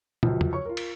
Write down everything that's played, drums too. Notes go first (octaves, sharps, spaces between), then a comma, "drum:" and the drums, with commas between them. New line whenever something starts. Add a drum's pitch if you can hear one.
C#2 F#2 F3, drum: tom
drum: tom E2
C#5 C#6
F4 A#4
drum: cymbal